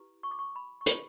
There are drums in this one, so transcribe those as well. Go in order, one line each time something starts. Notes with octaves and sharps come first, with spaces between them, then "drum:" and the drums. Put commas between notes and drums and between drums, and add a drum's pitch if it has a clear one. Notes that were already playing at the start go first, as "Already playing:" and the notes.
Already playing: E4 G4 B4
C#6
D6
C#6
B5
C#6
B5, drum: hi-hat